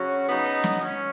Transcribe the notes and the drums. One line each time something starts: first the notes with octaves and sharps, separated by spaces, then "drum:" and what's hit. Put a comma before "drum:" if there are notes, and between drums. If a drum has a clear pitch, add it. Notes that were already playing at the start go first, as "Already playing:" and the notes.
Already playing: C#3 F#3 C#4 F#4
C#3 F#3 B3 D#4, drum: hi-hat
drum: hi-hat
drum: snare
F#3 C#4, drum: hi-hat